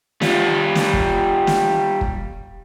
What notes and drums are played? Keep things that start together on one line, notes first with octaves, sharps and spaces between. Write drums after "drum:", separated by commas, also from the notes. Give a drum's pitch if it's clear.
G3 F4, drum: snare
drum: snare
drum: kick
drum: snare
drum: kick